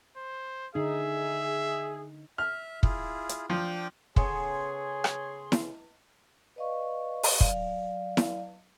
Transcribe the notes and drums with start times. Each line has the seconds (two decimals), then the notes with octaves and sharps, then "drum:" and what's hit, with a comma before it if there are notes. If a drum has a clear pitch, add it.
0.17 C5
0.75 D3 D#4 G#4 E5
2.38 E5 F6
2.83 E4 F4 G#4, drum: kick
3.29 drum: hi-hat
3.50 F3 D4 G5 D6
4.16 C#3 B3 G#4 A4 C#5 C6, drum: kick
5.04 drum: rim click
5.52 drum: snare E4
6.56 B4 D5 D#5 F5 C#6
7.23 drum: open hi-hat
7.40 F#3 D5 F5, drum: kick
8.17 drum: snare E4